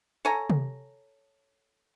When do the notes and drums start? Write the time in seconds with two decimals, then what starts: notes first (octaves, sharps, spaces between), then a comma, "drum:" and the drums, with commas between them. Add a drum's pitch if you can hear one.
0.25 A4 C#5 G#5 A#5
0.50 drum: tom C3